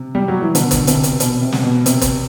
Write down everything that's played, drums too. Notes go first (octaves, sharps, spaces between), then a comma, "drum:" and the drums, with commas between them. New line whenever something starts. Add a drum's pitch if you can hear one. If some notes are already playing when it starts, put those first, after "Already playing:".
Already playing: C3
G3
F#3
E3
B2 D3, drum: hi-hat
drum: kick, hi-hat
C3, drum: hi-hat
drum: hi-hat
B2, drum: hi-hat
C3
drum: snare
B2
C3, drum: hi-hat
drum: kick, hi-hat